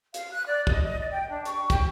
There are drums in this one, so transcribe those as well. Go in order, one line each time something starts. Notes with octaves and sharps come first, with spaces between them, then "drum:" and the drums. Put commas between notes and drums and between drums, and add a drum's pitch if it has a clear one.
F5, drum: hi-hat
F#6
D5
D#5, drum: kick
D#5
D5
G5
D4
C#6, drum: hi-hat
G5, drum: kick, hi-hat